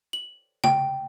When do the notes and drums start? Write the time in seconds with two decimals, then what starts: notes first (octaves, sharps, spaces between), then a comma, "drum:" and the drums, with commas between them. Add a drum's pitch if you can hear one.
0.13 F#7
0.64 G5, drum: tom